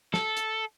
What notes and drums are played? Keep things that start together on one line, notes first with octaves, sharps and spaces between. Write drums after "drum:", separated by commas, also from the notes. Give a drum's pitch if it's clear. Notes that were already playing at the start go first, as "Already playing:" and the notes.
A4, drum: snare
drum: hi-hat